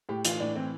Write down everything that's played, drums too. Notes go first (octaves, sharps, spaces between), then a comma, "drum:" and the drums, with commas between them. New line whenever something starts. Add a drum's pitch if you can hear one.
A2 G4
E3 F4, drum: hi-hat
A2 D4
E3 C4